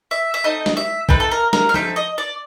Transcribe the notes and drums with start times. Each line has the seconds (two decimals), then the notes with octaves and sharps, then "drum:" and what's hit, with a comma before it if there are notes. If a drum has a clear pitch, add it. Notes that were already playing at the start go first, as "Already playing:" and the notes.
0.11 E5
0.34 E5
0.44 A3 C4 D#4 D#5
0.66 drum: snare
0.77 E5
1.09 A3 C4 D#4 B4, drum: kick A#1
1.20 A4
1.31 A#4
1.53 A#4, drum: snare
1.69 F5
1.74 A3 C4 D#4 E5, drum: tom F3
1.96 D#5
2.18 D5